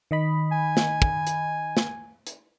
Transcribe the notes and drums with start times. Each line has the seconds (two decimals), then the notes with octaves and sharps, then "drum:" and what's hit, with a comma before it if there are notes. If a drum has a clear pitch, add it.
0.11 D#3 D#5 B5
0.52 G#5
0.77 drum: snare
1.02 drum: kick
1.27 drum: hi-hat
1.77 drum: snare
2.27 drum: hi-hat